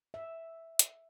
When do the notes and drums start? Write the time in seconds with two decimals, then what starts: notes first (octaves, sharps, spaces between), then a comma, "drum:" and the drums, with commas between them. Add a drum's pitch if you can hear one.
0.14 E5
0.79 drum: hi-hat